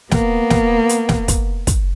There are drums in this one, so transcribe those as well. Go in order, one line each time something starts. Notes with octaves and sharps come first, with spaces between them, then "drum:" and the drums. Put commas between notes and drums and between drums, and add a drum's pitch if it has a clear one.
A#3 B3, drum: snare
drum: snare
drum: hi-hat
drum: snare
drum: kick, hi-hat
drum: kick, hi-hat